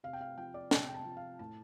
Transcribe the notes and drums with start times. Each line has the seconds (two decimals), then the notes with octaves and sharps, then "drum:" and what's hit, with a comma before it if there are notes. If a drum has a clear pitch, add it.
0.03 C3 F5
0.13 G5
0.21 F5
0.37 F3 G5
0.54 D5
0.71 C3 G5, drum: snare
0.89 G5
0.94 A5
1.05 F3
1.17 F5
1.39 A2 A5